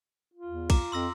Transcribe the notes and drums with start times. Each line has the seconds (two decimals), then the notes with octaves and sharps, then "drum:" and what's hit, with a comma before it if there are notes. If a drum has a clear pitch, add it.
0.34 F4
0.46 E2
0.70 A#5 D6, drum: kick, cymbal
0.92 F2 C6 E6 A#6